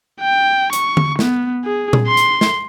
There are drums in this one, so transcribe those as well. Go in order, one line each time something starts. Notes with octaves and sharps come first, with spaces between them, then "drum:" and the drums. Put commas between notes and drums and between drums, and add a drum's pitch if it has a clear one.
G5
C#6, drum: hi-hat
drum: tom D3
B3, drum: snare
G#4
drum: tom A#2
C6
drum: hi-hat
drum: snare